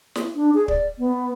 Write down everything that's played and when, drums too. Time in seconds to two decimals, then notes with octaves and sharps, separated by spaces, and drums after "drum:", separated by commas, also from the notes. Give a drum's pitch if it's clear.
0.15 drum: snare
0.35 D4
0.54 G#4
0.68 D5, drum: kick
0.99 B3